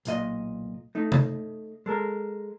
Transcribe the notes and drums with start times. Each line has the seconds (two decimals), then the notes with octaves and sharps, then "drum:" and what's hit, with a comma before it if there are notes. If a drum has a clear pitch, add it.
0.05 B1 A#2 D#5, drum: hi-hat
0.95 A3 D#4
1.12 drum: tom
1.86 G#3 A4 A#4